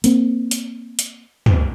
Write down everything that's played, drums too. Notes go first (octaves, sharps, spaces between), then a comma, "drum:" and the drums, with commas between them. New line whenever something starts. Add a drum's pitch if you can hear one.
A#3 C4, drum: hi-hat
drum: hi-hat
drum: hi-hat
drum: tom